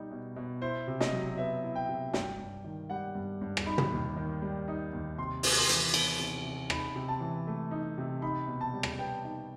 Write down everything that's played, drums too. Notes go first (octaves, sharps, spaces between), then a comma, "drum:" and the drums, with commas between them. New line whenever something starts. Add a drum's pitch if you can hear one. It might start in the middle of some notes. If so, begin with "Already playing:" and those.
Already playing: B2 G3 D#4
B2
B2
E4 C5
C3
D#5, drum: snare
F#3
B3 E5
E4
G5
C3
G2 G5, drum: snare
G2
D#3
G3 F#5
G2
G2
drum: rim click
D#4 B5
drum: tom
D#2
D#3
G3
D#4
D#2
C3 C6
C3, drum: open hi-hat
C6
E3, drum: hi-hat
B3, drum: cymbal
C3
C3
D#4 B5, drum: rim click
C3
A5
E3
A3
D#4
C3
D#4 B5
B2
A5
G3
drum: rim click
B3 G5
D#4